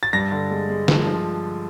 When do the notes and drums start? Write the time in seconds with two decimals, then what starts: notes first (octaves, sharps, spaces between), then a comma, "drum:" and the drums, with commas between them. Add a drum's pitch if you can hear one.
0.03 A6
0.13 G2 A#6
0.32 D3
0.51 G#3
0.69 G#3
0.88 F3, drum: snare
1.07 F3